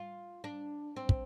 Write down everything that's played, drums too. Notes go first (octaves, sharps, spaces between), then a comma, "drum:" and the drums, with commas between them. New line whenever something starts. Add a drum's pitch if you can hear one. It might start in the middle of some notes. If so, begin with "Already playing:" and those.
Already playing: F4
D4
C4
drum: kick